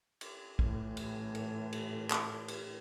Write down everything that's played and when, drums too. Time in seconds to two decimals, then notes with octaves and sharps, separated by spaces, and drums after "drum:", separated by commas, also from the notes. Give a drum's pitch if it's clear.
0.21 drum: cymbal
0.59 A2 E3, drum: kick
0.97 drum: cymbal
1.35 drum: cymbal
1.73 drum: cymbal
2.10 drum: clap
2.48 drum: cymbal